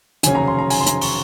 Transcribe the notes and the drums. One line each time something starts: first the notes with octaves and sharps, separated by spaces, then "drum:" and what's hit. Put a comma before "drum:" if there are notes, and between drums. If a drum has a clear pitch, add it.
F1 D#2 C#3 F#3 C#4 G#5, drum: hi-hat
A#5
C6
A#5
G#5, drum: open hi-hat
C6
A#5, drum: hi-hat
C#6, drum: open hi-hat